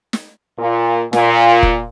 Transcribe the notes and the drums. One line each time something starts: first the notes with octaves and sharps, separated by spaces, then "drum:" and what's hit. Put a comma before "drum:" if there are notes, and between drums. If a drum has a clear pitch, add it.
drum: snare
A#2
A#2, drum: snare
drum: kick F1